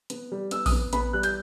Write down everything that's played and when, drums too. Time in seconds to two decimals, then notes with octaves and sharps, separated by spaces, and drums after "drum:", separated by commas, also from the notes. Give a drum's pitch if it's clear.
0.10 B3, drum: hi-hat
0.32 G3
0.51 B3 E6, drum: hi-hat
0.66 D#6, drum: kick A#1, open hi-hat
0.72 B3
0.93 B3 B5, drum: hi-hat
1.13 G3 F#6
1.23 G6, drum: hi-hat